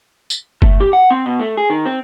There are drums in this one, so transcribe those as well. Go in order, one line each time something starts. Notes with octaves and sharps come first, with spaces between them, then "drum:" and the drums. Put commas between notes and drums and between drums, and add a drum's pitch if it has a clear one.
drum: tambourine
A3, drum: kick F#1
G4
F#5
C4
B2
A3
G#4
D#3
C4